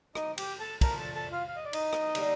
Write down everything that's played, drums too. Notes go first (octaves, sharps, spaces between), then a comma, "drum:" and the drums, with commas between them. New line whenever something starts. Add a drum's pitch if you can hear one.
D#4 D#5, drum: rim click
G4 G5, drum: cymbal
A4 A5
A#2 F3 A3 D4 A#4 A#5, drum: kick, cymbal
A4 A5
A4 A5
F4 F5
F5
D#5
D5
D#4 D#5, drum: cymbal
drum: rim click
D3 G3 A#3, drum: cymbal